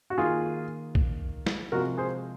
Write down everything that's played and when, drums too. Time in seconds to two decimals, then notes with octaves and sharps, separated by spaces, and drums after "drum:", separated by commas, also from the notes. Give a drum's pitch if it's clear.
0.10 F#4
0.18 D#3 A#3 F4 G#4
0.95 drum: kick B1
1.46 drum: snare
1.72 C3 F3 G#3 F#4 A#4
1.98 G#4 C5